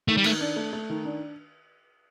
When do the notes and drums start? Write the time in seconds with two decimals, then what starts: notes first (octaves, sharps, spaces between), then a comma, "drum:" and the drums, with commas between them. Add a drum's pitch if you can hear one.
0.08 D#3 A3
0.17 G3
0.24 D#3 A3, drum: cymbal
0.41 D4
0.56 A3
0.73 A3
0.90 D#3
1.05 D4